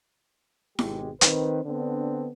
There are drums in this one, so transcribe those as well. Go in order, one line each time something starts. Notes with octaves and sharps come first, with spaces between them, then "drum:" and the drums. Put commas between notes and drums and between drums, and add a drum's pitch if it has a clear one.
G#1 B2 G#3 G4, drum: snare E4
D#3 C4 B4, drum: hi-hat
D3 B3 C4 D4